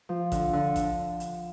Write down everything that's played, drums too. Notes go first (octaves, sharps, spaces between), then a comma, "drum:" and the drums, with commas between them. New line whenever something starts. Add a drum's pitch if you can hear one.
F3
D3, drum: kick A1, hi-hat
D3
drum: kick A1, hi-hat
drum: hi-hat